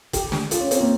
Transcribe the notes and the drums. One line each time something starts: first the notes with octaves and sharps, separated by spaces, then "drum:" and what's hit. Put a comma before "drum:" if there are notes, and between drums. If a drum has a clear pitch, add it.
G4, drum: kick, hi-hat
drum: snare
F4, drum: hi-hat
C#4
C4, drum: hi-hat
A#3